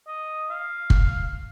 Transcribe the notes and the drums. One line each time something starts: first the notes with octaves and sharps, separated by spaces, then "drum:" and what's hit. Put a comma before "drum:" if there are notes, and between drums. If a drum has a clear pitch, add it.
D#5
F5
drum: kick